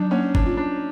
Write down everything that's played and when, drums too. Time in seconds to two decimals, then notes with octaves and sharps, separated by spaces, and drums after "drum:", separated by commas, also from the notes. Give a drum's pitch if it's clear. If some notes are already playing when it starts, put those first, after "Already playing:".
Already playing: F#3 D4 D#4
0.11 A#3 C#4
0.35 D4, drum: kick G1
0.46 F4
0.57 D4